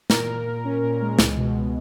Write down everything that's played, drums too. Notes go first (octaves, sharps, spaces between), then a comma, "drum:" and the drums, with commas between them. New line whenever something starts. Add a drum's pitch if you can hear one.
A#2 A#4, drum: snare
A#2
A#2
C#4
A#2
G#3
C#2, drum: snare
B2